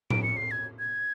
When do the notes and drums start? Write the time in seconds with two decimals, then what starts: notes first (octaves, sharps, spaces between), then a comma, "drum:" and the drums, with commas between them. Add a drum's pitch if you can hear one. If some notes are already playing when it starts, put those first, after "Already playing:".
0.10 D7, drum: tom A2
0.23 C#7
0.37 C7
0.51 G#6
0.79 G#6